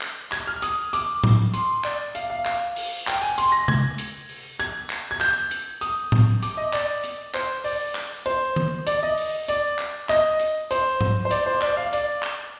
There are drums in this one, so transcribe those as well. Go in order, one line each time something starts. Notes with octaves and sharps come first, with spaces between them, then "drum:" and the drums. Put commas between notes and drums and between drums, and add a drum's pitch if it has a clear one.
drum: clap
G#6, drum: clap
F6
D#6, drum: hi-hat
D6, drum: hi-hat
drum: tom A2
C6, drum: hi-hat
D5, drum: clap
F5, drum: hi-hat
F5
F5, drum: clap
drum: open hi-hat
G5, drum: clap
G#5
C6, drum: hi-hat
A#6
G#6, drum: tom C3
drum: hi-hat
drum: open hi-hat
G#6, drum: hi-hat
drum: clap
G#6
G6, drum: clap
drum: hi-hat
D#6, drum: hi-hat
drum: tom A2
D6, drum: hi-hat
D#5
D5, drum: clap
drum: hi-hat
C5, drum: clap
D5, drum: open hi-hat
drum: clap
C5, drum: hi-hat
drum: tom D#3
D5, drum: hi-hat
D#5
drum: open hi-hat
D5, drum: hi-hat
drum: clap
D#5, drum: clap
drum: hi-hat
C5, drum: hi-hat
drum: tom G#2
C5
D5, drum: hi-hat
C5
D5, drum: clap
F5
D5, drum: hi-hat
drum: clap